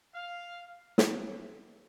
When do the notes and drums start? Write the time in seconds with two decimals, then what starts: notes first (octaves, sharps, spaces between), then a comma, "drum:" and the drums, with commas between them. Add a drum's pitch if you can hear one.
0.15 F5
0.98 drum: snare